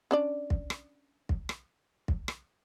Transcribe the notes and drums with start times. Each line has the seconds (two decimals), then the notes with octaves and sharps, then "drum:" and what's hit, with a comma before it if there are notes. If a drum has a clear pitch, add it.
0.11 C#4 D4 D5
0.50 drum: kick
0.70 drum: rim click
1.29 drum: kick
1.49 drum: rim click
2.08 drum: kick
2.28 drum: rim click